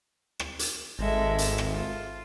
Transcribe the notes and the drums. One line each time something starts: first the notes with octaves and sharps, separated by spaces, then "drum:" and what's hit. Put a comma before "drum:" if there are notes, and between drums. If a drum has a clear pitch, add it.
drum: rim click
drum: hi-hat
G#1 G#3 A4 E5
drum: hi-hat
drum: rim click
F4